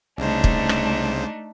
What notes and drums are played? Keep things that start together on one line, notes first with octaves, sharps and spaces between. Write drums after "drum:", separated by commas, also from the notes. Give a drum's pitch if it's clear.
C2 C#3 A3 D4 D#4 C5
drum: kick
drum: rim click